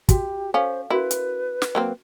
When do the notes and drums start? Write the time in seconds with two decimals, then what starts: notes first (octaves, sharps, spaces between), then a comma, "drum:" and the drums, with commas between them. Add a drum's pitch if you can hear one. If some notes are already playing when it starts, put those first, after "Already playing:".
0.09 F#4 G4, drum: kick, hi-hat
0.54 C#4 A4 C5 F5
0.90 C#4 E4 F#4 A#4 B4
1.11 drum: hi-hat
1.62 drum: snare
1.75 F#3 A#3 C4